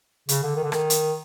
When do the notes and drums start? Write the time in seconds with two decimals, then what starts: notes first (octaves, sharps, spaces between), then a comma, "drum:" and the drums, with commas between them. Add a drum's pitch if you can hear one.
0.29 C#3, drum: hi-hat
0.43 D3
0.56 D#3
0.63 D3
0.72 D#3, drum: rim click
0.90 drum: hi-hat